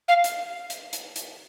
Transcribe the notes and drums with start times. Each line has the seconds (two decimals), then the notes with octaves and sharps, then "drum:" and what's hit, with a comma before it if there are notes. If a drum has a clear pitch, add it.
0.08 F5
0.24 drum: hi-hat
0.70 drum: hi-hat
0.93 drum: hi-hat
1.16 drum: hi-hat